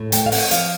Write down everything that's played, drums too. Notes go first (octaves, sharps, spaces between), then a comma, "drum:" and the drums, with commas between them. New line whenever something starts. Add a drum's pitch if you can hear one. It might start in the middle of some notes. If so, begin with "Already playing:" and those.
Already playing: A2
A3 G5, drum: hi-hat
F5
C4 F#5, drum: open hi-hat
F3 F5, drum: hi-hat